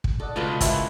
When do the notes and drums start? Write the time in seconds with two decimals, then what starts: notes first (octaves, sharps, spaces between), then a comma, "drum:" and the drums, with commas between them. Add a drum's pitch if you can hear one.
0.04 drum: kick
0.20 A4 D5 D#5 F#5
0.36 C#2 B2 F4 A4 B4
0.61 A#3 C4 E4 F#4, drum: kick, hi-hat